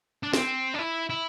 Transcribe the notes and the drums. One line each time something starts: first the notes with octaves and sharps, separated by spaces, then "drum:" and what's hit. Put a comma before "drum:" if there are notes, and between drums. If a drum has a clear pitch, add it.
D4
C4, drum: snare
D4
E4
E4